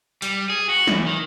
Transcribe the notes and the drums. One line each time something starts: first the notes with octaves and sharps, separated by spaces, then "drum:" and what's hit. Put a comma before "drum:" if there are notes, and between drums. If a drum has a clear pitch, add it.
G3, drum: hi-hat
G#4
F#4
E2, drum: snare
D#3